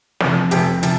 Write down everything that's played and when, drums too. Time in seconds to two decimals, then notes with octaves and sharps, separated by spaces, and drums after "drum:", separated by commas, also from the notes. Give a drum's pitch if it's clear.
0.20 F1 F2 C3 F3, drum: snare
0.51 F1 F2 C3 F3 G4, drum: hi-hat
0.83 C3 F3, drum: hi-hat